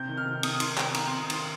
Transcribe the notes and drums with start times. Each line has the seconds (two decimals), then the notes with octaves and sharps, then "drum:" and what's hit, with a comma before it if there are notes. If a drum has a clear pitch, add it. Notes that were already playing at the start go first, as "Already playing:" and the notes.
Already playing: C3 G6
0.09 D#3
0.17 F6
0.26 C3
0.43 C3 D#6, drum: cymbal
0.60 D#3 C6, drum: cymbal
0.78 C3 G5, drum: clap
0.94 C3 A#5, drum: cymbal
1.08 C3 C6
1.21 D#6
1.30 D#3 C6, drum: cymbal